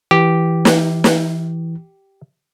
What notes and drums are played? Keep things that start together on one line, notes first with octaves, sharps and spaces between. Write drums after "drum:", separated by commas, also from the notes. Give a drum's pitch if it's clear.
E3 G4
drum: snare
drum: snare